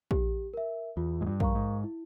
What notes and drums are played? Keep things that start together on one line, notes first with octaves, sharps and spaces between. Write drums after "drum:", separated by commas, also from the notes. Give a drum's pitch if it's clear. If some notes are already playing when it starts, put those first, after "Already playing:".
G4, drum: kick A#1
A#4 E5
E2 F4
G#2
G2
A#4 F5 A#5 C#6, drum: kick A#1
G#2
E4